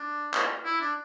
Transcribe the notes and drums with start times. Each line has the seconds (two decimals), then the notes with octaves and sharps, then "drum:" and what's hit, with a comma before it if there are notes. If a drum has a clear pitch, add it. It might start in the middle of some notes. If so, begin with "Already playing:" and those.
Already playing: D4
0.34 drum: clap
0.65 E4
0.81 D4